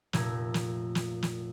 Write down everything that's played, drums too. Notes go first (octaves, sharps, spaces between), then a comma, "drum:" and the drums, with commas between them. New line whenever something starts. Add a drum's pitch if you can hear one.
F1 A#2 A3 G#6, drum: snare
drum: snare
drum: snare
drum: snare